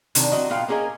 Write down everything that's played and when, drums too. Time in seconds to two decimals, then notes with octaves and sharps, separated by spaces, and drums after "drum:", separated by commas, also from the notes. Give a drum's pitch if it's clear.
0.15 C3 D#3 D4, drum: hi-hat
0.32 F#3 C4 E4 F#4 D#5
0.50 A#2 B3 F4 F5 G5
0.68 A#3 C#4 G#4 A#4 D#5